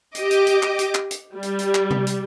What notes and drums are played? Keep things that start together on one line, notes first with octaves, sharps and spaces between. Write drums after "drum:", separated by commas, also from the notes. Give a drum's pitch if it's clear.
G4 D#5 D6, drum: hi-hat
drum: hi-hat
drum: hi-hat
drum: clap
drum: hi-hat
drum: clap
drum: hi-hat
G3
drum: hi-hat
drum: hi-hat
drum: clap
drum: tom C3
drum: hi-hat